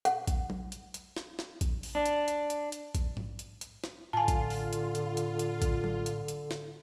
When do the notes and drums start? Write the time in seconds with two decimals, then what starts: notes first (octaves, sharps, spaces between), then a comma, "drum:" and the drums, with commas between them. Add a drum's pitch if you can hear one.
0.05 F#5, drum: hi-hat
0.27 drum: kick A#1, hi-hat
0.50 drum: tom F#3
0.72 drum: hi-hat
0.94 drum: hi-hat
1.16 drum: snare
1.39 drum: snare
1.61 drum: kick A#1, hi-hat
1.83 drum: open hi-hat
1.95 D4
2.06 drum: hi-hat
2.28 drum: hi-hat
2.50 drum: hi-hat
2.72 drum: hi-hat
2.95 drum: kick A#1, hi-hat
3.17 drum: tom G#2
3.39 drum: hi-hat
3.61 drum: hi-hat
3.84 drum: snare
4.13 A2 D3 F4 G#5 A5
4.28 drum: kick A#1, hi-hat
4.50 drum: open hi-hat
4.73 drum: hi-hat
4.95 drum: hi-hat
5.17 drum: hi-hat
5.39 drum: hi-hat
5.62 drum: kick A#1, hi-hat
5.84 drum: tom F#3
6.06 drum: hi-hat
6.28 drum: hi-hat
6.51 drum: snare